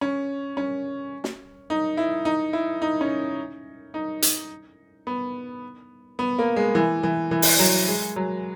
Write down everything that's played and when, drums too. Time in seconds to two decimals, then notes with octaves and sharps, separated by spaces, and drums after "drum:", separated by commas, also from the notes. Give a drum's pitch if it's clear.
0.01 C#4
0.57 C#4
1.24 drum: snare
1.70 D#4
1.97 E4
2.25 D#4
2.53 E4
2.82 D#4
3.01 C#4
3.94 D#4
4.22 drum: hi-hat
5.07 B3
6.19 B3
6.39 A#3
6.56 G#3
6.75 E3
7.03 E3
7.31 E3
7.42 drum: open hi-hat
7.59 F#3
7.88 G#3
8.16 F#3